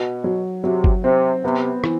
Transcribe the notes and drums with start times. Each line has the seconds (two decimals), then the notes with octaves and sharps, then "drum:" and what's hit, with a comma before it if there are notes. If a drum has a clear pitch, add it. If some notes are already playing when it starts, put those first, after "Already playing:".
Already playing: B2 F#4
0.24 F#3
0.64 C3 F#3
0.84 drum: kick G1
1.04 C3 C4
1.43 C3 B3
1.84 E3, drum: rim click